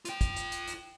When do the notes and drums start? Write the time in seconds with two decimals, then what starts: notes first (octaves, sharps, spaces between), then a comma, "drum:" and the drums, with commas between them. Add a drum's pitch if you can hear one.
0.05 F4 G5, drum: hi-hat
0.21 drum: kick, hi-hat
0.36 drum: hi-hat
0.52 drum: hi-hat
0.68 drum: hi-hat